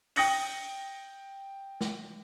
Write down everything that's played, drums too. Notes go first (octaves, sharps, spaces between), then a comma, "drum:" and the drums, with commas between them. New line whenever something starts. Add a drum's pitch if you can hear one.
G5 D#6 A#6 C#7 F#7, drum: open hi-hat
drum: snare